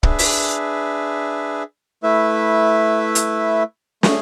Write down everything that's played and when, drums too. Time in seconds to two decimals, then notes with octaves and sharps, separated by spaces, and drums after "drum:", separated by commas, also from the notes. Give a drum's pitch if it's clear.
0.03 D4 G#4 B4 E5, drum: kick
0.19 drum: open hi-hat
2.03 A3 E4 B4 E5
3.15 drum: hi-hat
4.03 A3 C#4 G#4, drum: snare